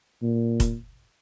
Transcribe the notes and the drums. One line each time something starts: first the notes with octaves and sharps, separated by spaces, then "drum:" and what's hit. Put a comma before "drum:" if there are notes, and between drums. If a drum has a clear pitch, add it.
A#2
drum: kick F1, hi-hat